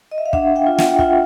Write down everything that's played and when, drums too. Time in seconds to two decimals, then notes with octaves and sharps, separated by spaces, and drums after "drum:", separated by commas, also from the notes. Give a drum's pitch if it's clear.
0.11 D#5
0.18 E5
0.26 F5
0.33 D4 E5 F#5, drum: kick
0.56 F5 G5
0.67 F4
0.78 F#5, drum: snare
0.89 G5
0.99 F4 E5 F#5, drum: kick